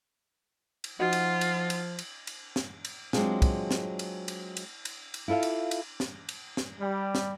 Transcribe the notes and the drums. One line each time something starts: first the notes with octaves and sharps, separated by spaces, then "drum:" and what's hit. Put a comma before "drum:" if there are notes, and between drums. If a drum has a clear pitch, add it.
drum: cymbal
F3 D#4 F4 F#4 F#5
drum: cymbal
drum: cymbal
drum: cymbal
drum: cymbal
drum: cymbal
drum: snare
drum: cymbal
F#3 G#3 C4 D4 F4 G#4, drum: snare
drum: kick, cymbal
drum: snare
drum: cymbal
drum: cymbal
drum: cymbal
drum: cymbal
drum: cymbal
E4 F4 A4 E5 F5
drum: cymbal
drum: cymbal
drum: snare
drum: cymbal
drum: snare
G3
drum: snare